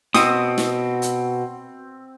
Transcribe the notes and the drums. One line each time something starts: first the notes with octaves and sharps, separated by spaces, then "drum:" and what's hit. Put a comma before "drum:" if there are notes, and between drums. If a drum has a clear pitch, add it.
B2 C4 D#6, drum: snare
drum: snare
drum: hi-hat